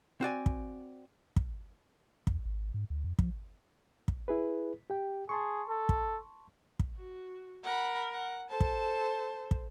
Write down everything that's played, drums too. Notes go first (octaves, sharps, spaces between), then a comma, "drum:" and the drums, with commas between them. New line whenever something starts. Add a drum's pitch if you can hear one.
C4 F#4 D5 G#5
drum: kick
drum: kick
E2, drum: kick
G#1
G#2
D2
F2
F3, drum: kick
drum: kick
E4 G#4 B4
G4 G5
G#4 A5 C6 C#6
A4
drum: kick
drum: kick
F#4
A#4 F#5 B5
F#5
A4 C5 A5
drum: kick
drum: kick